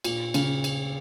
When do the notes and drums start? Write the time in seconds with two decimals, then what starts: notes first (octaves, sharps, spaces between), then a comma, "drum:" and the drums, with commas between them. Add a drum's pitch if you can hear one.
0.04 A#2, drum: cymbal
0.34 C#3, drum: cymbal
0.64 drum: cymbal